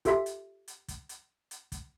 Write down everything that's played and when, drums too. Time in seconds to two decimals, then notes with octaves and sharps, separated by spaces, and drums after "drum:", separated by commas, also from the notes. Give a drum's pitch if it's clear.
0.05 F4 G4 A4 E5 C6 B6, drum: kick, hi-hat
0.26 drum: hi-hat
0.68 drum: hi-hat
0.88 drum: kick, hi-hat
1.09 drum: hi-hat
1.51 drum: hi-hat
1.72 drum: kick, hi-hat